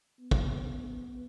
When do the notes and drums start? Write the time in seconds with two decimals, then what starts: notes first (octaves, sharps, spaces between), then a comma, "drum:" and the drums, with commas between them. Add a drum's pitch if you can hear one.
0.19 B3
0.31 drum: kick